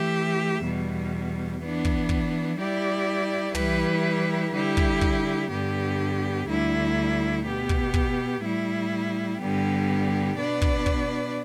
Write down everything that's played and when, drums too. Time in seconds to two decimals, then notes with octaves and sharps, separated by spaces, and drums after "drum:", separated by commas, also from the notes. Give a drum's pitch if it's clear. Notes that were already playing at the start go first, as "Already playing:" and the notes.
Already playing: E3 A3 G4 E5
0.63 E2 B2 G3
1.60 E3 B3 D4
1.85 drum: kick
2.09 drum: kick
2.58 G3 E4 G4 D5
3.55 E3 G3 E4 G4 B4, drum: tom
4.52 D3 G3 E4 G4
4.77 drum: kick
5.01 drum: kick
5.50 G2 D3 B3 G4
6.48 D2 D3 G3 E4
7.45 B2 B3 G4
7.69 drum: kick
7.94 drum: kick
8.42 A2 G3 E4
9.40 G2 D3 G3 B3 G4
10.37 B2 B3 D4 B4 D5
10.62 drum: kick
10.86 drum: kick